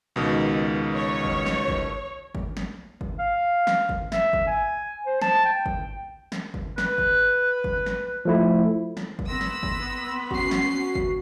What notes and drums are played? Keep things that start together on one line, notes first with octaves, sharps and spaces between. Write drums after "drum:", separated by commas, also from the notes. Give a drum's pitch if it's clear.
C#2 B2 D#3
C#5
drum: kick G1
drum: snare
drum: kick G1
drum: kick G1
drum: snare
drum: kick G1
F5
drum: snare
drum: kick G1
E5, drum: snare
drum: kick G1
G#5
C5
A5, drum: snare
G5
drum: kick G1
drum: snare
drum: kick G1
B4, drum: snare
drum: kick G1
drum: kick G1
drum: snare
F3 A3 E4
drum: snare
drum: kick G1
B3 B5 C6 E6 A#6
drum: snare
drum: kick G1
C#4 F#4 C7, drum: kick G1
drum: snare
drum: kick G1